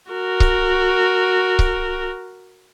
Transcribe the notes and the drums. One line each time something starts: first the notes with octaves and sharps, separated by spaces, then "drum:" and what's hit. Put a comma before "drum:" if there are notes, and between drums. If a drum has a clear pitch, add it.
F#4 A#4
drum: kick C#1
drum: kick C#1